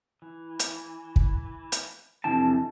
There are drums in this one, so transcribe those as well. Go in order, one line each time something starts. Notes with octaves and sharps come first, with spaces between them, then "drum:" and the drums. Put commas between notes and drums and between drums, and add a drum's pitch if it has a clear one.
E3
drum: hi-hat
drum: kick
drum: hi-hat
F2 C3 E3 D4 G5 A5